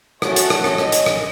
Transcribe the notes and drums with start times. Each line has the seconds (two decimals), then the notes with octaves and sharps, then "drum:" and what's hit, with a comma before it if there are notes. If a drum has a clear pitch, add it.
0.22 A3 C#4 F#4 A4 C#5, drum: rim click
0.36 drum: hi-hat
0.50 drum: rim click
0.64 C#4 D#5, drum: rim click
0.78 drum: rim click
0.92 drum: hi-hat
1.06 drum: rim click